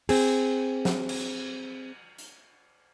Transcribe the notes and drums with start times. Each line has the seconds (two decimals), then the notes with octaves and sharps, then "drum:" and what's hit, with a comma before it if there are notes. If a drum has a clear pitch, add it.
0.09 C4 G#4, drum: cymbal
0.85 drum: snare
1.09 drum: cymbal
2.18 drum: hi-hat